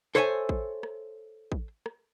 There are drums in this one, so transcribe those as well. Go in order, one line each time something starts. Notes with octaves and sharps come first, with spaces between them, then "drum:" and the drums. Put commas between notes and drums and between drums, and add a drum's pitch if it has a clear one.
A4 C5 C#5 E5 G5 G#5
drum: kick
drum: rim click
drum: kick
drum: rim click